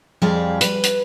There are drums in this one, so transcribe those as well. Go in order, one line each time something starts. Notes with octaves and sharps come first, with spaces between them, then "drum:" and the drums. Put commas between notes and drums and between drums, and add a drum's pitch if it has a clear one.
F2 F3 G3 G#4 F5
B4, drum: hi-hat
drum: hi-hat